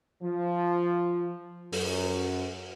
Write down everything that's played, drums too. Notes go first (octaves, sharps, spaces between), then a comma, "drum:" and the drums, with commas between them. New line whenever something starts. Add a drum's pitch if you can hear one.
F3
F#2, drum: open hi-hat